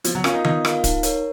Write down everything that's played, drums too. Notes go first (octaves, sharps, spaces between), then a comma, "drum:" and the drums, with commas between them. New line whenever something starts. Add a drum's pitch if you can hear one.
F3 B3, drum: hi-hat
F#3
C#4 F4 A#4 F5, drum: rim click
D#4
B3 D#4, drum: tom D#3
F4 A#4 F5, drum: rim click
D#4, drum: kick D1, hi-hat
A#4 C#5, drum: hi-hat